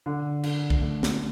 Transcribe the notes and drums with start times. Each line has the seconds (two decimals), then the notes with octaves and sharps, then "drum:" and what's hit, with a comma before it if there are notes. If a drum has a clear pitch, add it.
0.06 D3
0.43 D3, drum: cymbal
0.70 drum: kick
0.81 A3
1.03 drum: snare